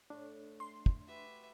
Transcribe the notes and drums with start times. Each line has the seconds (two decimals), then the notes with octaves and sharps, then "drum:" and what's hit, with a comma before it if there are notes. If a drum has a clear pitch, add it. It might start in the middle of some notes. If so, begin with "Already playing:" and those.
0.10 A2 D4 C#6
0.60 C6
0.86 drum: kick
1.07 F#4 G4 B4 E5